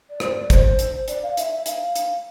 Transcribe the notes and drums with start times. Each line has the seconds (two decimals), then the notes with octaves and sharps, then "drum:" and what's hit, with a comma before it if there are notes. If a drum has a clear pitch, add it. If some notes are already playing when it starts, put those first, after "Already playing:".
0.10 D5
0.20 C5, drum: rim click
0.35 D5
0.50 C5, drum: kick, hi-hat
0.79 drum: hi-hat
1.08 D5, drum: hi-hat
1.23 F5
1.37 E5, drum: hi-hat
1.52 E5
1.66 F5, drum: hi-hat
1.95 drum: hi-hat